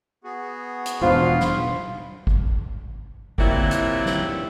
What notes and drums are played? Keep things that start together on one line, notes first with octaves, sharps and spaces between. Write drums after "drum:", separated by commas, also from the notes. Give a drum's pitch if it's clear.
B3 F#4 G#4
drum: hi-hat
E1 B2 F3 D4 F4 B4
drum: snare
drum: kick
A#2 F#3 G3 A#3 C4 E4, drum: kick
drum: tom D3
drum: hi-hat
drum: snare